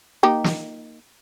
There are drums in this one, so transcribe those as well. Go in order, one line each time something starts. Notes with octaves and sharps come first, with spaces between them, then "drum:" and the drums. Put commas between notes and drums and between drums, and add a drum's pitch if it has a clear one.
A#3 D#4 G4
drum: snare